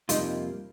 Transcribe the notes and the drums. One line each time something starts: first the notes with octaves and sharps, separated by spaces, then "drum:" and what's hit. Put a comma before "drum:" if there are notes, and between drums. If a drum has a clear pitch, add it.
F2 C3 G3 A#3 D#4 F4, drum: hi-hat